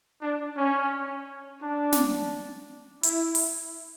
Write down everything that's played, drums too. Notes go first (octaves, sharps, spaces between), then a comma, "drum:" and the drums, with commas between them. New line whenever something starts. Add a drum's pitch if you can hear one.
D4
C#4
D4
drum: snare
E4, drum: hi-hat
drum: open hi-hat